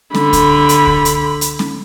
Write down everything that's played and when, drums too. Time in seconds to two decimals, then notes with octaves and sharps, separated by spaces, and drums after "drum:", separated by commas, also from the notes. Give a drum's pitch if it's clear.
0.15 D3 B5, drum: snare C#4
0.33 drum: kick C#2, hi-hat
0.69 drum: hi-hat
0.87 drum: kick C#2
1.05 drum: hi-hat
1.41 drum: hi-hat
1.59 drum: snare C#4